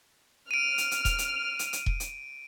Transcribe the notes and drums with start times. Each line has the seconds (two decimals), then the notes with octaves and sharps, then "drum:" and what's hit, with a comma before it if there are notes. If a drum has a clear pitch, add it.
0.51 F6 D7 D#7
0.78 drum: hi-hat
0.91 drum: hi-hat
1.05 drum: kick E1, hi-hat
1.18 drum: hi-hat
1.59 drum: hi-hat
1.73 drum: hi-hat
1.86 drum: kick E1
2.00 drum: hi-hat